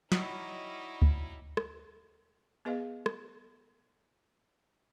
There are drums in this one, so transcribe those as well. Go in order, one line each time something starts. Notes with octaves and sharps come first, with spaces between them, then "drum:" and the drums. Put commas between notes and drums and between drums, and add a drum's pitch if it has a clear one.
F#3 G3 D#4 E4 D#5 B5 C#6, drum: snare
drum: kick C#2
drum: rim click
B3 G#4 B4 D#5 F5
drum: rim click